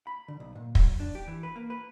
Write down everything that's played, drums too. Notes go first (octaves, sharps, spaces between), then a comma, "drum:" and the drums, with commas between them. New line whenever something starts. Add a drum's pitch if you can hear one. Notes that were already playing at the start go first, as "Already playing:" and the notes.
B5
D3
B1
A#2
F#3, drum: kick
D4
G4
E3
B4
A#3
B4